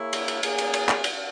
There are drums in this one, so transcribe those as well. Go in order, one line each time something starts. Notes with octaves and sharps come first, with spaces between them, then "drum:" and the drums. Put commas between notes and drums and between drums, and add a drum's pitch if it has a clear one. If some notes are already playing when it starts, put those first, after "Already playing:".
Already playing: A#3 E4 G#4 C#5
drum: cymbal
drum: cymbal
A#3 C#4 G#4, drum: cymbal
drum: cymbal
drum: cymbal
drum: clap
drum: cymbal